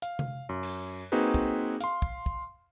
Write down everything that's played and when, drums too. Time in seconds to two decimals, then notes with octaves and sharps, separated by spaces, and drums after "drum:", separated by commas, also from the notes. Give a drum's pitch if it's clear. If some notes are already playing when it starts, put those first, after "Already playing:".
0.02 F5, drum: hi-hat
0.19 drum: tom C3
0.49 F#2
0.63 drum: cymbal
1.12 A#3 C4 D#4 F#4 G#4 B4
1.34 drum: kick
1.81 F5 C6, drum: hi-hat
2.02 drum: kick
2.26 drum: kick